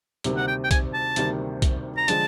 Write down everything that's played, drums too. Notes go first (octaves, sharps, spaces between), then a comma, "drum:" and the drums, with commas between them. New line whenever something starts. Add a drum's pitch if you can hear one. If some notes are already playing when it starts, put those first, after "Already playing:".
D2 C3 D#3 G3 A#3, drum: hi-hat
F#5
G5
G5
G#5, drum: kick C2, hi-hat
A5
D2 C3 D#3 G3 A#3, drum: hi-hat
drum: kick C2, hi-hat
A#5
D3 F3 G#3 A5, drum: hi-hat